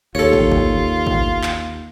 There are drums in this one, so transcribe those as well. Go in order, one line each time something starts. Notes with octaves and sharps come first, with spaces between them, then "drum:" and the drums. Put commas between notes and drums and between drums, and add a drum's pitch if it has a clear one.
D#2 F4 A4 C#5
drum: kick
drum: kick
drum: kick
drum: clap